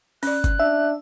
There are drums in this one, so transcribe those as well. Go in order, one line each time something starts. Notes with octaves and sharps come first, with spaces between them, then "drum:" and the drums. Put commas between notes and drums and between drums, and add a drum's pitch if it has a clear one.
C#4 D5 F#6, drum: open hi-hat
drum: kick G1, hi-hat
D4 E5